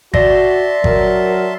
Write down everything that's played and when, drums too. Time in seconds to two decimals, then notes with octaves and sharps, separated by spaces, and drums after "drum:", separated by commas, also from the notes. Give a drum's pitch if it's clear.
0.14 F#4 D5 E5 A5 C6 A#6, drum: kick G#1
0.84 F#3 A#4, drum: kick G#1